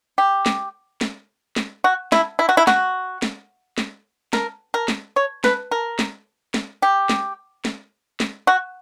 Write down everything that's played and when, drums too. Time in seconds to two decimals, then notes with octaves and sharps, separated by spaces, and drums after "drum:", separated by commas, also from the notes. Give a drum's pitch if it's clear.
0.18 G4
0.46 drum: snare
1.01 drum: snare
1.56 drum: snare
1.84 F#4
2.12 E4, drum: snare
2.39 E4
2.49 F#4
2.57 E4
2.67 F#4, drum: snare
3.22 drum: snare
3.78 drum: snare
4.33 A#4, drum: snare
4.74 A#4
4.88 drum: snare
5.16 C#5
5.44 B4, drum: snare
5.71 A#4
5.99 drum: snare
6.54 drum: snare
6.82 G4
7.09 drum: snare
7.65 drum: snare
8.20 drum: snare
8.47 F#4